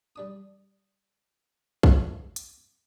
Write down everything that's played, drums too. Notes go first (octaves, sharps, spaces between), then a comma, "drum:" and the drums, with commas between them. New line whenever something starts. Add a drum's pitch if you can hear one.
G3 D4 D#6
drum: kick A#1
drum: hi-hat